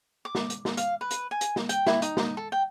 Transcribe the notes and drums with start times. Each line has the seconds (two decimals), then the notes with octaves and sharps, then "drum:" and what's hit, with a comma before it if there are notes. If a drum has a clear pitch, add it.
0.25 D6
0.35 drum: snare
0.50 drum: hi-hat
0.65 drum: snare
0.77 F5, drum: hi-hat
1.01 B4
1.11 drum: hi-hat
1.31 G#5
1.41 drum: hi-hat
1.56 drum: snare
1.69 G5, drum: hi-hat
1.86 E4, drum: snare
2.02 D#4, drum: hi-hat
2.17 drum: snare
2.37 A4
2.52 G5